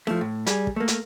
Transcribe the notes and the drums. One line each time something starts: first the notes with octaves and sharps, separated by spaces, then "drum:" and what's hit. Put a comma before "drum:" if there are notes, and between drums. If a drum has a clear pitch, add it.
F3 A3, drum: snare E4
A2
G3 G#4, drum: hi-hat
drum: kick
A3 A#3
drum: hi-hat